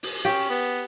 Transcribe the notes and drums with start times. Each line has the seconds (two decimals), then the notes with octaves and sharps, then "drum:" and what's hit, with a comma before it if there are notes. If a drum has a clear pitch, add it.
0.03 drum: open hi-hat
0.25 C#4 G4
0.50 B3